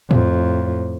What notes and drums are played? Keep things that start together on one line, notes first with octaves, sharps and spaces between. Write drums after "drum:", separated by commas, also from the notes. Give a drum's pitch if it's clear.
F2 A2, drum: tom A2